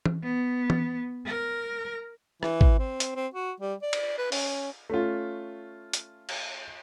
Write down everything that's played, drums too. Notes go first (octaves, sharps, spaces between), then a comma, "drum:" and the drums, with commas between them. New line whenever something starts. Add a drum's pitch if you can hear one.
drum: tom E3
B3
drum: tom E3
A#4
E3, drum: rim click
drum: kick
C4
drum: hi-hat
C4
F#4
G3
D5
drum: cymbal
B4
C#4, drum: open hi-hat
A3 C#4 F4
drum: hi-hat
drum: cymbal